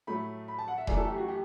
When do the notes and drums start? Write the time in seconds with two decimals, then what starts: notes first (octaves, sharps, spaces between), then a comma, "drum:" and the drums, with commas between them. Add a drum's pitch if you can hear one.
0.07 A2 F#3 A3 B5
0.48 B5
0.58 A5
0.68 F#5
0.78 E5
0.87 F#2 E3 A3 D5, drum: kick E1
0.98 A4
1.08 G4
1.18 F#4
1.28 G4